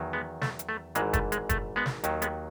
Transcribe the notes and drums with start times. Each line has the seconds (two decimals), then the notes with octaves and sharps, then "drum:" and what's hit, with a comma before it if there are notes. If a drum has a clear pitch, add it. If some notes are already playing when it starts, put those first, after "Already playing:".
Already playing: E2 D#3 F#3
0.13 G#3 B3
0.42 A3, drum: snare
0.59 drum: hi-hat
0.69 A3
0.95 G#1 G#2 E3 G#3, drum: hi-hat
1.13 A3, drum: kick, hi-hat
1.32 G#3, drum: hi-hat
1.49 A3, drum: kick, hi-hat
1.76 G#3 B3
1.86 drum: snare
2.04 D#2 D#3 F#3, drum: hi-hat
2.22 G#3 B3, drum: hi-hat